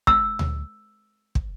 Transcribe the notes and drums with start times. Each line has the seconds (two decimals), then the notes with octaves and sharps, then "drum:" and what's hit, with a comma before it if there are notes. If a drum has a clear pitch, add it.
0.07 E6, drum: kick
0.39 drum: tom D2
1.35 drum: kick